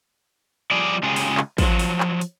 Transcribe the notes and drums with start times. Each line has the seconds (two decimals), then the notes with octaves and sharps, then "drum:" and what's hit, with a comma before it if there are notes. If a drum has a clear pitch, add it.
0.71 F3 G3 G#4 D5
1.03 C#3 G#3 F4 G4 G#4
1.16 drum: open hi-hat
1.37 drum: clap
1.58 F3 F#3, drum: kick, open hi-hat
1.79 drum: open hi-hat
2.00 drum: clap
2.21 drum: hi-hat